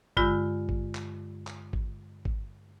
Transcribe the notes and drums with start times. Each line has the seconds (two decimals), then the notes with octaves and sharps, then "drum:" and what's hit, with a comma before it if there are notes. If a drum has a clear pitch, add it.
0.17 G2 D3 G#3 F4 E6 G6, drum: kick G#1
0.69 drum: kick G#1
0.95 drum: clap
1.47 drum: clap
1.73 drum: kick G#1
2.25 drum: kick G#1